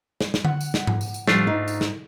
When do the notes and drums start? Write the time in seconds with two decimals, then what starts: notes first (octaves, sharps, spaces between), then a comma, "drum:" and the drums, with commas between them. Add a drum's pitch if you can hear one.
0.21 drum: snare
0.34 drum: snare
0.45 F#5, drum: tom D3
0.61 drum: tambourine
0.74 drum: snare
0.87 drum: tom G#2
1.01 drum: tambourine
1.14 drum: tambourine
1.28 A2 F3 G3 A3 D4 F4, drum: snare
1.47 G#2 D#4
1.68 drum: tambourine
1.81 drum: snare